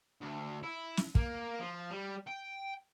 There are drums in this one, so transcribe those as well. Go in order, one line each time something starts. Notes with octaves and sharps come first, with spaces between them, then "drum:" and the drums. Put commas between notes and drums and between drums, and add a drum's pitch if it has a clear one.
D2
E4
drum: snare
A#3, drum: kick
F3
G3
G5